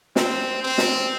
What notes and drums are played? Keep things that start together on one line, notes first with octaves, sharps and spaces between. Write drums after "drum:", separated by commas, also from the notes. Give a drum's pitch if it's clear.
C4, drum: snare
C4
drum: snare